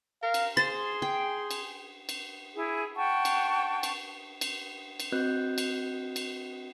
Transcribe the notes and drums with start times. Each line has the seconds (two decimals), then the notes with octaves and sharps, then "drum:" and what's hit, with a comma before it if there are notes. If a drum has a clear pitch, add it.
0.23 A#4 F5
0.34 drum: cymbal
0.57 G#4 C5 C6 A6
1.02 G5
1.51 drum: cymbal
2.09 drum: cymbal
2.55 E4 G#4
2.96 F#5 G5 A5 C#6
3.25 drum: cymbal
3.83 drum: cymbal
4.41 drum: cymbal
5.00 drum: cymbal
5.12 C4 F#4 B4 D#5 F#6 G6
5.58 drum: cymbal
6.16 drum: cymbal